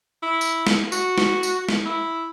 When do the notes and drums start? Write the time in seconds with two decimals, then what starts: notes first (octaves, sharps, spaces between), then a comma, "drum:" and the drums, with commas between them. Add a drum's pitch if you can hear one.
0.22 E4
0.41 drum: tambourine
0.67 drum: snare
0.92 F#4, drum: tambourine
1.18 drum: snare
1.43 drum: tambourine
1.69 drum: snare
1.86 E4